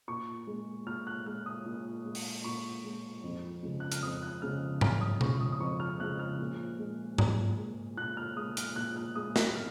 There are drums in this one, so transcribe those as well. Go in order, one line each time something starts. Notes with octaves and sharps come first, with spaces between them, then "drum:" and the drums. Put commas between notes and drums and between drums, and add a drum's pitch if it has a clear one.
A#2 C#6
G#3
A#2 F6
F#6
G#3 F6
D#6
A#2
G#3
drum: open hi-hat
A#2 C#6
G#3
F2
C#3 F3 G#3
F#6
F6, drum: hi-hat
F2 D#6
F#6
C#3 F3 G#3 F6
F2 F6, drum: tom G#2
D#6
C#3 F3 G#3 C#6, drum: tom B2
D#6
D#6
F2 C#6
F6
C#3 F3 G#3 F#6
F6
A#2
G#3
A#2, drum: tom G#2
G#3
A#2 F#6
F6
G#3 D#6
F6, drum: hi-hat
A#2 F#6
F6
G#3 D#6
F#6, drum: snare
F6